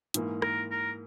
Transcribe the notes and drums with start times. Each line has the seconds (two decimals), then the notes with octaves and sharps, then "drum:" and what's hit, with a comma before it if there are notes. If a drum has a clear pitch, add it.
0.14 G#2 E3 A#3, drum: hi-hat
0.42 A#4, drum: rim click
0.71 A#4